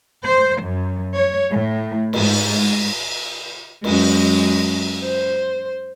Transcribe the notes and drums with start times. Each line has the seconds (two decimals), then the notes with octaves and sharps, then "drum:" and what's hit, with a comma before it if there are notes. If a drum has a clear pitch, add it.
0.23 C5
0.64 F#2
1.14 C#5
1.50 A2
2.13 G#2, drum: cymbal
3.84 F#2 G#3, drum: cymbal
5.04 C5